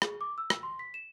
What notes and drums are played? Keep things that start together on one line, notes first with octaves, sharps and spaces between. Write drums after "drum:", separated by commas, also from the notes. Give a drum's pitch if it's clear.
G#4, drum: rim click
D6
E6
drum: rim click
C6
B6
E7